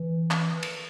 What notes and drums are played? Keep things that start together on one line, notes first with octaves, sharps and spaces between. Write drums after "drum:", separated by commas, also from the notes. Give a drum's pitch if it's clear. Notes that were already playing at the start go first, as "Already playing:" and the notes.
Already playing: E3
drum: clap
drum: cymbal